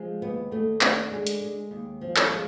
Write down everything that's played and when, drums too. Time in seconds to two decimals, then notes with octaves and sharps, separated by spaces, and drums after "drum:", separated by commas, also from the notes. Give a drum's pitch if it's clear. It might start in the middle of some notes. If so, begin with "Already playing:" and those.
Already playing: F3 G#3
0.22 D#2 B3
0.51 D#2 A3
0.81 D3, drum: clap
1.11 G#3
1.27 drum: hi-hat
1.41 G#3
1.71 D#2
2.01 F3
2.16 drum: clap
2.31 G#3